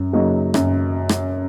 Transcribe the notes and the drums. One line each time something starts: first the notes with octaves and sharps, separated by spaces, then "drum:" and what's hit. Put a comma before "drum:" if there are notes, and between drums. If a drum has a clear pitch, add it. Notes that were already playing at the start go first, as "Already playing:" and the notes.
Already playing: F#2
C#3 F#3 A#3 D#4
F#2, drum: rim click
drum: rim click